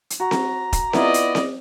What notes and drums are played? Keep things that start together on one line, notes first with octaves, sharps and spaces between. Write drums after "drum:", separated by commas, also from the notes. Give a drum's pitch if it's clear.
drum: hi-hat
F#4 A#5
drum: snare C4
drum: kick D#1, hi-hat
B3 E4 F4 D5 D#5, drum: snare C4
drum: hi-hat
drum: snare C4